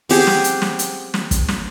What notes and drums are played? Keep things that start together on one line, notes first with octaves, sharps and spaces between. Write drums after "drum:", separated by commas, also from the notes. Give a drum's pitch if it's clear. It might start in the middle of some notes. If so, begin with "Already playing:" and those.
C4 G4 G#4 F#5, drum: open hi-hat
drum: snare
drum: hi-hat
drum: snare
drum: hi-hat
drum: snare
drum: kick, hi-hat
drum: snare